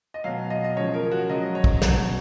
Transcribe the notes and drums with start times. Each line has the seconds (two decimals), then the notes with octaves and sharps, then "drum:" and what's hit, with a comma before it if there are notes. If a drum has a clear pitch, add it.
0.14 D#5
0.24 B2 F#3 F5
0.50 D#5
0.64 D#5
0.77 C#3 F3 C#5
0.94 A#4
1.11 F#4
1.29 C#3 F#3 D#5
1.55 C#5
1.64 drum: kick
1.82 B2 F#3 C#5, drum: snare